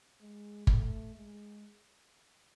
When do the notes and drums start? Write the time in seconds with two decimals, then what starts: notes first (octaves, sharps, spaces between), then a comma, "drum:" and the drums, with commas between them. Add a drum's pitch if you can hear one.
0.21 G#3
0.67 A3, drum: kick G1
1.15 G#3